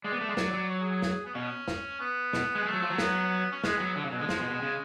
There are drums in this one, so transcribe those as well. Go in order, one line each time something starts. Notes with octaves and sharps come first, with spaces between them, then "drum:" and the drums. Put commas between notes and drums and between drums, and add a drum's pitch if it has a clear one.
G#3 D5
B3
A3
G#3
F#3, drum: snare
F#3
C#5
G#4
G#4
drum: snare
B3
B2 C#4
drum: snare
B3
B2, drum: snare
G#3
G#3 A3
F#3
F3
F#3
B3, drum: snare
C#4
G#3 B3, drum: snare
F#3
D3 F#3
C#3
F#3
B2
D3 G#3
F3, drum: snare
B2
B2
C#3